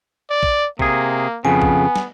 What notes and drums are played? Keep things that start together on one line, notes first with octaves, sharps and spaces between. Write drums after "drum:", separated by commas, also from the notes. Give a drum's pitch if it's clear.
D5
drum: kick A#1
C3 A#3 G#4, drum: kick A#1
F2 C#3 B3 G#5
drum: kick A#1
drum: snare